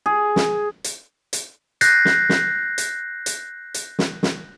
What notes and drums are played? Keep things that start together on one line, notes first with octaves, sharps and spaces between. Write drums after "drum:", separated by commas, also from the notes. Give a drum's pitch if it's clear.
G#4
drum: snare
drum: hi-hat
drum: hi-hat
F#6 G6 A6 A#6 C7, drum: hi-hat
drum: snare
drum: snare
drum: hi-hat
drum: hi-hat
drum: hi-hat
drum: snare
drum: snare